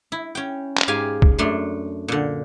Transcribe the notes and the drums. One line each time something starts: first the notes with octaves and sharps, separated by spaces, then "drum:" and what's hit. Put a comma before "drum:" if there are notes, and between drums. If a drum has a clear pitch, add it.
E4
C#4 G5
drum: clap
G#2 G4 F5 G#5
drum: kick
F#2 A3 D4 C6
A#2 D3